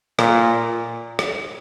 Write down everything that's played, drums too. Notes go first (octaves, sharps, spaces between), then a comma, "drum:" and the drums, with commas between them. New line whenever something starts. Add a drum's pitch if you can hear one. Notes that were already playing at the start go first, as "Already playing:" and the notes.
A#2, drum: rim click
drum: rim click